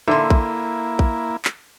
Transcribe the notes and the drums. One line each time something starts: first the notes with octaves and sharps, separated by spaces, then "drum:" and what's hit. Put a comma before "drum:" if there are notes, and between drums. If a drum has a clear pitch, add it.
D3 A#3 E4 E5 C6
drum: kick A#1
drum: kick A#1
drum: clap